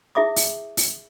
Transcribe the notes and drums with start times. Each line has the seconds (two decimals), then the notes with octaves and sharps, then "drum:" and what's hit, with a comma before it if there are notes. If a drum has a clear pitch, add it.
0.15 E4 G#4 E5 D6 D#6
0.36 drum: open hi-hat
0.77 drum: open hi-hat